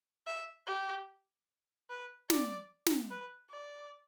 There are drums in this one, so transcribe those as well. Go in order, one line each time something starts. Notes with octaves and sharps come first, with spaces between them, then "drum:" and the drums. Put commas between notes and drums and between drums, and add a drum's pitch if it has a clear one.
E5
G4
B4
D5, drum: snare
drum: snare
B4
D5